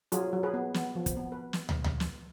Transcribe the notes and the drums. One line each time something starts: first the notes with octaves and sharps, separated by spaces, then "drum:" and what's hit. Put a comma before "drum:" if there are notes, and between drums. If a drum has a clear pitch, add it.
F#3 F4 G#4, drum: hi-hat
F#3
G#4 B4
B3
B3, drum: snare
F3
drum: kick, hi-hat
B3
B4
drum: snare
drum: tom
drum: tom
drum: snare